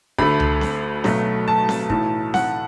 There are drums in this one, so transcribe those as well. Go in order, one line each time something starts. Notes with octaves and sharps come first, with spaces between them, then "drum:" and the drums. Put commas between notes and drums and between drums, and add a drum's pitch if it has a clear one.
D2 D3 A3 B5, drum: kick
drum: tom C#2
drum: snare C4
B1 B2 F#3 A3, drum: snare C4
A5
drum: snare C4
B1 A2 E3 A3, drum: kick
F#5, drum: snare C4